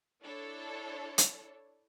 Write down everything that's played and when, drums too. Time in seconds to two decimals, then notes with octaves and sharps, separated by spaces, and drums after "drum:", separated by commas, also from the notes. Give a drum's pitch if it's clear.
0.23 D4 E4 A4 C#5
1.18 drum: hi-hat